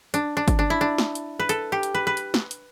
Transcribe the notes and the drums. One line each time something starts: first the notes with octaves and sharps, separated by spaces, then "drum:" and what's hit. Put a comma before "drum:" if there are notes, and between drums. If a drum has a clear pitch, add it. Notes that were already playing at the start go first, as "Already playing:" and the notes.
D4, drum: hi-hat
D4
drum: kick G1, hi-hat
D4
E4
D4
drum: snare
drum: hi-hat
B4
A4, drum: hi-hat
G4
drum: hi-hat
B4
B4
drum: hi-hat
drum: snare
drum: hi-hat